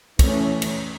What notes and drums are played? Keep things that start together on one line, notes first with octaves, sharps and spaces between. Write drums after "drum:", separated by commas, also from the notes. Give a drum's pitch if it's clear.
E3 A3 C#4, drum: kick, cymbal
drum: cymbal